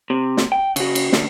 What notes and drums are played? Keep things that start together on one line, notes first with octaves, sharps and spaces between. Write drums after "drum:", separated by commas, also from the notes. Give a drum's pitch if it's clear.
C3
drum: snare
G5
C#3 F#4, drum: cymbal
drum: cymbal
D2, drum: snare